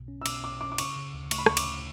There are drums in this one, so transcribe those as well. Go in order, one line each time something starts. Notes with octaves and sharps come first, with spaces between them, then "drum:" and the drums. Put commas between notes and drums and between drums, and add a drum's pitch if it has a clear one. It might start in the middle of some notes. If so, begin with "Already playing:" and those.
Already playing: B1 B2
C#4
E6
B2 D6, drum: cymbal
B1 D6
C#4 D6
D6
C#3 C#6, drum: cymbal
C#3
D2
A3 C#6, drum: cymbal
B5
D2 C#6, drum: rim click
D6, drum: cymbal
C#3